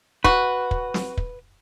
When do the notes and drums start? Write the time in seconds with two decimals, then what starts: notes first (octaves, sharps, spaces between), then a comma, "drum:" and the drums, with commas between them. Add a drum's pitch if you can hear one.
0.24 F#4 B4, drum: kick
0.71 drum: kick
0.94 drum: snare
1.17 drum: kick